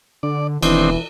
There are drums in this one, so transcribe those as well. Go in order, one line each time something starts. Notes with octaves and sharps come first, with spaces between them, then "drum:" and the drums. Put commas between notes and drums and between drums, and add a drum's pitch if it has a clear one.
D3 D5
E1 D#3 E3 C4 D4, drum: cymbal